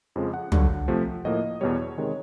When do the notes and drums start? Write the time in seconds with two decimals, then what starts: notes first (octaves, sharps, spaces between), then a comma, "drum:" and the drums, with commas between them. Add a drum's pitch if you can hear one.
0.16 F2 C#3 F3 G#3
0.34 F#5
0.52 G2 D3 F#3, drum: tom
0.88 C3 F3 A3
1.25 A2 F3 A#3 D#5
1.61 E2 B2 G3 C#5
1.98 C3 D#3 G#3